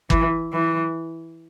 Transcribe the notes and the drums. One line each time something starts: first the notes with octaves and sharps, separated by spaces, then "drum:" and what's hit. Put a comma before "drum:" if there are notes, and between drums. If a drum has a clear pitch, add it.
E3, drum: kick
E3